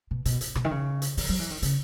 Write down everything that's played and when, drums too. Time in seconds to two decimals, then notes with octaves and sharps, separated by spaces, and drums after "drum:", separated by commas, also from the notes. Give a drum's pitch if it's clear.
0.11 B2
0.25 B2, drum: hi-hat
0.41 drum: hi-hat
0.55 B2, drum: rim click
0.64 D#3
0.71 C#3
1.02 drum: hi-hat
1.17 D#3, drum: open hi-hat
1.29 F#3
1.39 E3
1.51 D#3
1.62 C#3, drum: hi-hat